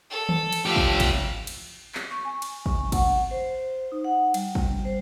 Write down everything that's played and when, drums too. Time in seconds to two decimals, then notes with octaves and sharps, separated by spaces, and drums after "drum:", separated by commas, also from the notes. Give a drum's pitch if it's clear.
0.10 A4
0.29 drum: tom D#3
0.52 drum: cymbal
0.66 F3 G4 E5 F5
0.76 drum: kick
1.00 drum: kick, cymbal
1.47 drum: cymbal
1.95 drum: clap
2.11 C#6
2.25 G#5
2.42 drum: cymbal
2.66 C#6, drum: kick
2.92 F#5, drum: kick, cymbal
3.31 C5
3.92 D#4
4.05 F#5
4.34 G3, drum: cymbal
4.55 drum: kick
4.85 C5